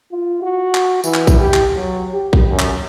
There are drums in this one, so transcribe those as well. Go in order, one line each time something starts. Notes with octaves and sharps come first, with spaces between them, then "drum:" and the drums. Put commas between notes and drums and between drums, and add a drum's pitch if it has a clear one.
F4
F#4
drum: clap
E3, drum: tambourine
drum: clap
drum: kick, tambourine
G4
drum: clap
F#3
G4
drum: kick
F#2
drum: clap